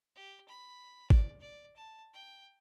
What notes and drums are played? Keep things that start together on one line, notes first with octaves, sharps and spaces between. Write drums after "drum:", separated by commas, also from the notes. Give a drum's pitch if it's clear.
G4
B5
D5, drum: kick G#1
D5
A5
G5